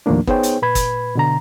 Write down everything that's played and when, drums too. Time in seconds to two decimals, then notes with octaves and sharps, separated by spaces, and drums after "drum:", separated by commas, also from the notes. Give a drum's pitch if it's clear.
0.06 D#2 A2 F3 A3 A#3 D4
0.27 B3 D#4 G#4 C5 C#5 G5, drum: kick
0.43 drum: hi-hat
0.62 A#2 B4 B5 G#6
0.75 drum: kick, hi-hat
1.15 B2 D3 A#5